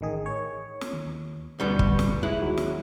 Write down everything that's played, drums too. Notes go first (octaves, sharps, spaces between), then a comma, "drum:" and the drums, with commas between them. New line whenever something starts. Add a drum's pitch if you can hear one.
A1 D#3 G#4
C#5
drum: snare
D#2
D2 B2 G3 B3 C#6 G6
drum: kick
drum: snare
G#3 E4 F#6
D#2 F#3
drum: snare